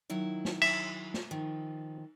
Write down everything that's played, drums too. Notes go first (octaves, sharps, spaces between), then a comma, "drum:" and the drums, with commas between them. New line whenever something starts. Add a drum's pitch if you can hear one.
D#3 F#3 E4
drum: snare
E5, drum: cymbal
drum: snare
D#3 F3